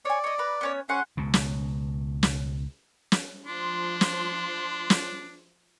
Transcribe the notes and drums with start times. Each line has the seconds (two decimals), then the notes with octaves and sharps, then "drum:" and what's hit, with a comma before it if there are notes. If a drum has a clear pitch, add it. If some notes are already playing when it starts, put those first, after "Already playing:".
0.05 C#5 D5 G#5
0.24 C#5 D#5
0.38 B4 A#5
0.61 B3 C#4 C#5
0.89 C#4 G#4 C5 F#5
1.17 C#2 B2
1.34 drum: snare
2.23 drum: snare
3.12 drum: snare
3.46 F3 D4 C6
4.01 drum: snare
4.90 drum: snare